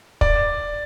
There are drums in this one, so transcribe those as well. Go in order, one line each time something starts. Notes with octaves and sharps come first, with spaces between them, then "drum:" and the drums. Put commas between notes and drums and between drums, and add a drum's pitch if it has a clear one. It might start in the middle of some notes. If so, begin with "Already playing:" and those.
D5, drum: kick